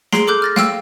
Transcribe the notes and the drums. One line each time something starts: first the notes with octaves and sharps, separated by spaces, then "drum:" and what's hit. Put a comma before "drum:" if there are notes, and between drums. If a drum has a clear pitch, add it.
G#4 A#5 C6 C7 D7, drum: snare
G#4 A4 D6 F#6 G6
F6 A6 A#6
F5 G5 E6, drum: snare